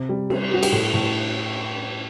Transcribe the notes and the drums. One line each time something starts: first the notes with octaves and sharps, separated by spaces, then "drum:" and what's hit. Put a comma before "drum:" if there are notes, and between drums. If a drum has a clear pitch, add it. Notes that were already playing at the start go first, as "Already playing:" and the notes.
Already playing: C3
G3
G3, drum: cymbal
G3 F#4
G4, drum: cymbal
A2 A4
A2